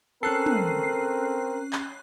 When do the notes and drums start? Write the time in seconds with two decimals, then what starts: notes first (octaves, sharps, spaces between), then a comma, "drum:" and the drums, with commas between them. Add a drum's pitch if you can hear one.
0.23 C4 C#4 A4 A#4 F#6 C7
0.46 drum: tom
1.73 drum: clap